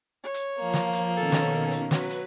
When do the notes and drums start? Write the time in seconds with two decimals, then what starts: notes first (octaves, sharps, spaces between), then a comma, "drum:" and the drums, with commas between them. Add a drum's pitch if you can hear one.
0.24 C#5
0.34 drum: hi-hat
0.59 F3 A#3
0.73 drum: snare
0.93 drum: hi-hat
1.16 B2 D#3 C#4 A4
1.32 drum: snare
1.71 drum: hi-hat
1.91 F#3 B4, drum: snare
2.10 drum: hi-hat